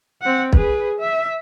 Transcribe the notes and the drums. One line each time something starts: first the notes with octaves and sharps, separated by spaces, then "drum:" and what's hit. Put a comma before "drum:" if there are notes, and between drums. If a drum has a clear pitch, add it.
C4 F#5
G#4 B4, drum: kick
E5